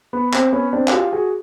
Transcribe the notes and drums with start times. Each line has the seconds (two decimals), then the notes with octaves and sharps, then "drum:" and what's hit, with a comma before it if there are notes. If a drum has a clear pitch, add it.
0.13 B3
0.33 C4, drum: clap
0.53 B3 C#4
0.73 C4 D4
0.88 F#4, drum: clap
0.93 F4 G4
1.12 F#4 G#4